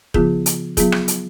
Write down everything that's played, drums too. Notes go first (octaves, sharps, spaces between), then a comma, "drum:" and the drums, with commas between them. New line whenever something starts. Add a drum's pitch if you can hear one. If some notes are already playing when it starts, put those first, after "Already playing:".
C#3 F3 B3 F4 G#4, drum: kick
drum: hi-hat
F#3 B3 F4 G#4, drum: kick, hi-hat
drum: rim click
drum: hi-hat